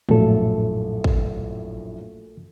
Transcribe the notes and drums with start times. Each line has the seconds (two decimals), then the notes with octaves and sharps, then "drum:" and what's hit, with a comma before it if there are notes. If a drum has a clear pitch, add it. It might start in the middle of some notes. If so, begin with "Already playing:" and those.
0.09 A#1 F#2 A2 A3 A4, drum: tom
1.04 drum: kick